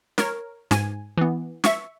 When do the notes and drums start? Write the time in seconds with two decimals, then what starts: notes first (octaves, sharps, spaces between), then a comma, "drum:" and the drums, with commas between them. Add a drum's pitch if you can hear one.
0.18 A#4 C#5, drum: snare
0.71 G#2 G#5, drum: snare
1.17 E3 B3
1.64 E5 C#6, drum: snare